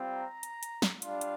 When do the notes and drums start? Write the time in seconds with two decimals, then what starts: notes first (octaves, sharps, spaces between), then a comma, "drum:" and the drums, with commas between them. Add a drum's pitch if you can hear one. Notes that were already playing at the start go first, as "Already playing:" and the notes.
Already playing: G3 C4 F4
0.13 A#5
0.43 drum: hi-hat
0.63 drum: hi-hat
0.82 drum: snare
1.02 G3 D4 F4 F5, drum: hi-hat
1.21 drum: hi-hat